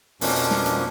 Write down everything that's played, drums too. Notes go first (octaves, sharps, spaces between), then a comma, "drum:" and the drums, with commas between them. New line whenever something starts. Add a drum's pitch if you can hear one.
F2 B2 F3 A#3 C#4 D4, drum: open hi-hat
drum: hi-hat
drum: snare
drum: hi-hat